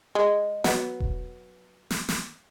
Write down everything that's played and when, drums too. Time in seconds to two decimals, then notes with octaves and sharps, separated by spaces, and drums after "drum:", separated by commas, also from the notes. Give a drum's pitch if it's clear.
0.15 G#3
0.64 F#3 B3, drum: snare
1.00 drum: kick E1
1.90 drum: snare
2.09 drum: snare